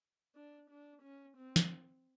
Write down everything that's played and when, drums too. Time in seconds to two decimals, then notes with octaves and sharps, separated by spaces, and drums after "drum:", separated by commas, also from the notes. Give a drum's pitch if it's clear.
0.36 D4
0.70 D4
1.03 C#4
1.37 C4
1.56 drum: snare